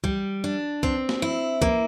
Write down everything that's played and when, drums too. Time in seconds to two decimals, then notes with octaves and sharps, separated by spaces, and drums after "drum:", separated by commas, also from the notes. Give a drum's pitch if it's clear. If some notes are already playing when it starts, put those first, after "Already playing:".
0.04 G3, drum: kick
0.44 D4
0.83 C4, drum: kick
1.09 drum: snare
1.22 E4
1.62 A#3, drum: kick